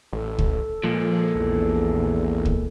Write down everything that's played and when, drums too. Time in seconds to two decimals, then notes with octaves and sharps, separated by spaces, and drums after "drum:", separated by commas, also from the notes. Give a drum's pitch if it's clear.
0.13 A1 A4
0.38 drum: kick
0.84 A#2 F3 G#3
1.35 A#1 E2
2.45 drum: kick